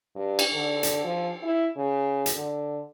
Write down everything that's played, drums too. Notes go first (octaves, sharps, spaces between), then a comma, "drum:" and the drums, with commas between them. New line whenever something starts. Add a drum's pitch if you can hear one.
G2
drum: cymbal
D3
drum: hi-hat
F3
E4
C#3
drum: hi-hat
D3